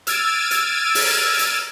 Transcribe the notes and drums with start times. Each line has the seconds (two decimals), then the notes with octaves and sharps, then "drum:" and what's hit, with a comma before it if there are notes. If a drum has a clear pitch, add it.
0.07 E6 F6 G#6 A6 D7 D#7, drum: hi-hat
0.51 drum: hi-hat
0.95 drum: open hi-hat
1.39 drum: hi-hat